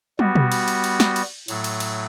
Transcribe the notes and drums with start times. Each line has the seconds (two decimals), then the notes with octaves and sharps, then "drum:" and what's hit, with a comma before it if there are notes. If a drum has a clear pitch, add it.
0.19 G3 B3 F#4, drum: tom
0.35 drum: tom B2
0.52 drum: cymbal
0.68 drum: cymbal
0.84 drum: cymbal
1.00 drum: snare
1.16 drum: cymbal
1.48 A2 F#3 A3, drum: cymbal
1.64 drum: cymbal
1.80 drum: cymbal